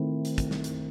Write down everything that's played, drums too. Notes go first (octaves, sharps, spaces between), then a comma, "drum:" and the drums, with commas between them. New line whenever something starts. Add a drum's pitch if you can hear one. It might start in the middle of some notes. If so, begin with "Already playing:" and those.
Already playing: D#3 A3 C4 E4
drum: hi-hat
drum: kick, hi-hat
drum: snare
drum: hi-hat